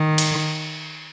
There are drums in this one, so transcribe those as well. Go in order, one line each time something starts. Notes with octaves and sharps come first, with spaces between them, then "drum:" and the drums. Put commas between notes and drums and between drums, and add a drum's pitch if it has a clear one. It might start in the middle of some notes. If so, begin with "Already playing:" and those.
Already playing: D#3
drum: cymbal